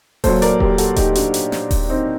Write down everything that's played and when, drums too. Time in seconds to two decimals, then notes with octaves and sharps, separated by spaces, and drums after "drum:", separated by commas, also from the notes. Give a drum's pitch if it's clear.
0.24 A#2 F#3 A4 C5, drum: kick D#1, open hi-hat
0.42 A#4 D5, drum: hi-hat
0.60 G4 A#4, drum: kick D#1
0.78 F#4 A4, drum: hi-hat
0.96 D#4 G4, drum: kick D#1, hi-hat
1.15 D4 F#4, drum: hi-hat
1.34 drum: hi-hat
1.52 drum: snare
1.71 drum: kick D#1, open hi-hat
1.89 C4 D#4